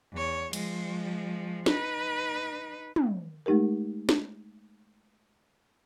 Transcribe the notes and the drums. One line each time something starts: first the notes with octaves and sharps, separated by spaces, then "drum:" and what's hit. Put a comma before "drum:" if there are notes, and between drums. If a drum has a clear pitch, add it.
E2 C#5
F3 G#3, drum: cymbal
D#4 B4, drum: snare
drum: tom
G#3 A3 D#4 G4 A#4
drum: snare